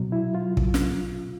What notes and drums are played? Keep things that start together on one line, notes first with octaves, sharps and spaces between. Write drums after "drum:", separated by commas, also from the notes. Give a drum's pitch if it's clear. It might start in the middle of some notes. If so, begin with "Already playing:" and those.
Already playing: B2 F#3
E4
F4
drum: kick
drum: snare